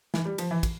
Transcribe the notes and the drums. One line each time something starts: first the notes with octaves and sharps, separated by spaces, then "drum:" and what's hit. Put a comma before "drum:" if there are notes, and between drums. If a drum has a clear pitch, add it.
E3, drum: snare
G3
F3, drum: cymbal
E3
drum: kick, cymbal